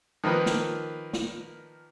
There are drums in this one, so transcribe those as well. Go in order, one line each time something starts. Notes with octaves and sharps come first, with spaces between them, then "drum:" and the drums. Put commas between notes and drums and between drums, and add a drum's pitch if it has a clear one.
D#3 F3 A#3 B4
drum: snare
drum: snare